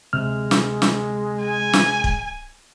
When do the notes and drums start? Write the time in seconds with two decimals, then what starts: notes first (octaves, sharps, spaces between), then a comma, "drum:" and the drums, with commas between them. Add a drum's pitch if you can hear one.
0.13 D2 C3 G#3 F6
0.51 drum: snare
0.82 drum: snare
1.43 G#5
1.73 drum: snare
2.04 drum: kick